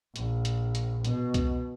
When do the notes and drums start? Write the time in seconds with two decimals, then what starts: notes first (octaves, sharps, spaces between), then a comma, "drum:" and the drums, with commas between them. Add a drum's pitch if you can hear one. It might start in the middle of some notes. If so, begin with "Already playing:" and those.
0.16 A#1, drum: hi-hat
0.45 drum: hi-hat
0.75 drum: hi-hat
1.05 B2, drum: hi-hat
1.34 drum: kick C2, hi-hat